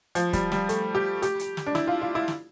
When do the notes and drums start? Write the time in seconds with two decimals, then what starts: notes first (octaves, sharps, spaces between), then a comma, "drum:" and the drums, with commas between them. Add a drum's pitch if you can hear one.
0.15 F3, drum: hi-hat
0.33 G3, drum: kick, hi-hat
0.52 G3, drum: snare
0.69 A3, drum: hi-hat
0.95 G4
1.22 G4, drum: hi-hat
1.39 drum: hi-hat
1.57 drum: snare
1.66 D4
1.75 E4, drum: snare
1.87 F4
2.02 F4
2.15 E4
2.28 drum: snare